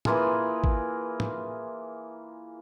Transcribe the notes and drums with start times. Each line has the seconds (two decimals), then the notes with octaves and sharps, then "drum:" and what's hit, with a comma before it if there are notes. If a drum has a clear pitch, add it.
0.05 E3 A#3 F4 G#4, drum: tom
0.64 drum: kick G#1
1.20 drum: tom